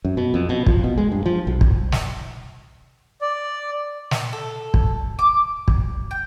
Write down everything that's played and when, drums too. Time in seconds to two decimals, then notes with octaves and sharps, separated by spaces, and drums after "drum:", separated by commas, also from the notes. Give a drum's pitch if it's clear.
0.05 F#2
0.17 B2
0.34 F2
0.49 B2
0.66 F3, drum: kick
0.84 B2
0.98 G#3
1.12 G2
1.26 F3
1.47 B1
1.61 drum: kick
1.92 drum: snare
3.21 D5
4.11 drum: snare
4.33 A4
4.74 drum: kick
5.19 D6
5.68 drum: kick
6.11 G5